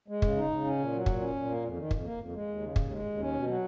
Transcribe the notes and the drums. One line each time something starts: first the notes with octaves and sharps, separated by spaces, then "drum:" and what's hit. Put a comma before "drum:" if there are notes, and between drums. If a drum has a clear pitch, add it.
G#3
C#3, drum: kick
D#4
C#3
C#4
A#2
F#3
A#2, drum: kick
C#4
A#2
A#3
F2
D#3
F2, drum: kick
A#3
F2
G#3
D#2
C#3
D#2, drum: kick
G#3
D#2
C#4
B2
F#3